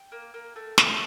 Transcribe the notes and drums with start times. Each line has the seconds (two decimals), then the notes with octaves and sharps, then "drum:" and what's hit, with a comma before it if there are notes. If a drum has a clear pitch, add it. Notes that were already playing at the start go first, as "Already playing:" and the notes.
Already playing: G5
0.12 A#3
0.34 A#3
0.56 A3
0.78 A3, drum: snare